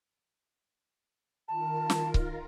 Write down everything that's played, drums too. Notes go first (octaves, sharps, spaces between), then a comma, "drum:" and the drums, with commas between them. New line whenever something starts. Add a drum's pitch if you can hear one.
D#3 F4 A#4 A5
drum: snare
drum: kick C#1